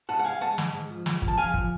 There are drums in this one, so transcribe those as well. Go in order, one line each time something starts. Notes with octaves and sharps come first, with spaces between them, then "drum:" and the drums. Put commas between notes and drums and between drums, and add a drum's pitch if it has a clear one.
G#2 F#5 A5
F#5
G#2 F5 G#5
G#3 F#5 A5
G#2, drum: snare
G#2
F3
G#2, drum: snare
F3, drum: kick
A5
F3 F5 G#5
F3, drum: kick